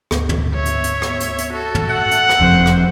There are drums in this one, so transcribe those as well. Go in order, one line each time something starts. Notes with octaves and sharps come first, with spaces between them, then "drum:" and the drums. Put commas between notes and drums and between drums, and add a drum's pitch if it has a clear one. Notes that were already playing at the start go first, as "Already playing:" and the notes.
D2 G#2 B3, drum: rim click
drum: tom
C#5 E5
drum: hi-hat
drum: hi-hat
drum: rim click
drum: hi-hat
drum: hi-hat
F#4 A4
drum: tom
E5 F#5 E6
drum: hi-hat
drum: rim click
F#1 F2 C5
drum: rim click